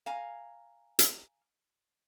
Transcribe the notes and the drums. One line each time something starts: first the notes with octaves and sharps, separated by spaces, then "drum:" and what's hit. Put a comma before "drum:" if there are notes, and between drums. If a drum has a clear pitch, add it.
F5 G#5 A#5
drum: hi-hat